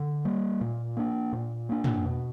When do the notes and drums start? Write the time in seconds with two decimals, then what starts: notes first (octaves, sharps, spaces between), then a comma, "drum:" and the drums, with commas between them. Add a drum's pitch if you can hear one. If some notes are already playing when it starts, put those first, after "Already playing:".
Already playing: D3
0.25 G3 A#3
0.61 A#2
0.97 A#3 D4
1.32 A#2
1.69 A#3 D4
1.84 drum: tom
2.05 B2